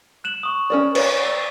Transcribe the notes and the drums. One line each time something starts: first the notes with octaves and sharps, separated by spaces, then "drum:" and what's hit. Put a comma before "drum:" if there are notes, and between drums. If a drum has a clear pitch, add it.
F#6 E7 F#7
C#6 D#6
C#4 A#4 D5
B4 C#5, drum: cymbal
E6 A6